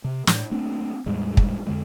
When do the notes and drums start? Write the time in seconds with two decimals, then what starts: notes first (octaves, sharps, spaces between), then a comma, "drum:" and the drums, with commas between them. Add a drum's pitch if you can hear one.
0.04 C3
0.27 A2, drum: snare
0.51 A3 A#3 C4 D4
1.06 E2 A2 G3 G#3
1.37 drum: kick
1.67 F2 D3 G#3